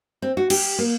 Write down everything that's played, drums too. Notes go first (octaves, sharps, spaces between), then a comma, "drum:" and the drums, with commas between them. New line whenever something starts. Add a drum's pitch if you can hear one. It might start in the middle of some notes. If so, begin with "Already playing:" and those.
C4
F#4
G4, drum: cymbal
A#3